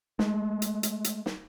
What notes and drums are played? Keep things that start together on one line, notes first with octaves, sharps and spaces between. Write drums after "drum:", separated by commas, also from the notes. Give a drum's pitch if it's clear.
G#3 A3, drum: snare
drum: hi-hat
drum: hi-hat
drum: hi-hat
drum: snare